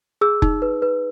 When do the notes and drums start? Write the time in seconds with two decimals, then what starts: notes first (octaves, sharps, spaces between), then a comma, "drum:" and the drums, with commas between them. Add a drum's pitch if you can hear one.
0.21 G#4 E6
0.42 D#4, drum: kick F1
0.62 B4
0.82 B4